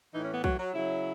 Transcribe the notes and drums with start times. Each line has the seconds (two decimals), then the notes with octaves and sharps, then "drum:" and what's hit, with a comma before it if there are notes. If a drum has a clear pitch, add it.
0.14 A2 E3 D#4
0.24 C#4
0.34 B3
0.44 F#3, drum: kick
0.59 F#3
0.74 C#3 F#3 E4